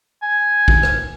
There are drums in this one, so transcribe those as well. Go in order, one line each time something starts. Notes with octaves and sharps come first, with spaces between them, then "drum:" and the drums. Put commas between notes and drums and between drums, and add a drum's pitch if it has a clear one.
G#5
drum: kick
drum: rim click